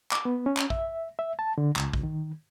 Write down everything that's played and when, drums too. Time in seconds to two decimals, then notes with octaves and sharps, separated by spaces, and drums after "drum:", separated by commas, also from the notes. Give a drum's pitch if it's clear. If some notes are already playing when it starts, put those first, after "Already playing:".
0.12 D6, drum: clap
0.25 B3
0.46 C#4
0.57 drum: clap
0.70 E5, drum: kick A#1
1.19 E5
1.39 A5
1.58 D3
1.76 C#2, drum: clap
1.93 drum: kick A#1
2.03 D#3